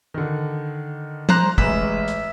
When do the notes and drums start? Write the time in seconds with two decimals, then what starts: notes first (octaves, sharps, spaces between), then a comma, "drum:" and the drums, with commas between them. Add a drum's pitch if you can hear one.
0.14 D3 D#3
1.29 C5 A#5 F#6, drum: tom
1.58 A1 G#3 B4 E5, drum: kick
2.08 drum: hi-hat